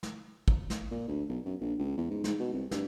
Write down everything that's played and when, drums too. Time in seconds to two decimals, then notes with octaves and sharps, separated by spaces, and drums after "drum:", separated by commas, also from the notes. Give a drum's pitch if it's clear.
0.03 drum: snare
0.48 drum: kick
0.70 drum: snare
0.91 A#2
1.08 D2
1.29 B1
1.45 F#2
1.61 A#1
1.79 C#2
1.97 E2
2.11 G#2
2.24 G#2, drum: snare
2.40 B2
2.53 C2
2.71 G2, drum: snare